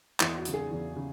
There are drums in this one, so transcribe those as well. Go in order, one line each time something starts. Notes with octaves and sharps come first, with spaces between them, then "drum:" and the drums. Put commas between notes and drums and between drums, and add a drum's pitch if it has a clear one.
E2 E4, drum: clap
F#4
C#3 F#3, drum: hi-hat
G#4
E2
C#3